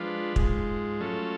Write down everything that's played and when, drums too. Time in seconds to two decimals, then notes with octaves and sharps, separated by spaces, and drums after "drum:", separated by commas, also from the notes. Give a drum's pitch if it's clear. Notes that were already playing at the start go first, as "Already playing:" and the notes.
Already playing: F3 G#3 D4 F4 B4
0.36 G#2 F3 G#3, drum: kick
1.00 F#3 A3 C#4 F4 A4